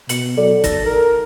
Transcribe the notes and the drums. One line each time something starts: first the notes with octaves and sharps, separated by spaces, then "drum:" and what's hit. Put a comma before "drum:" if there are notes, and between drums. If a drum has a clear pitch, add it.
B2 C#7 F#7, drum: hi-hat
F#3 A4 D5
D#4 A4 A#6, drum: kick, hi-hat
A#4